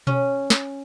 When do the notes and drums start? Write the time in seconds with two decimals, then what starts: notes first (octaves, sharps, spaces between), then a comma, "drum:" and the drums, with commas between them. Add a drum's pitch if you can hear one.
0.07 C#4, drum: tom B2
0.50 drum: snare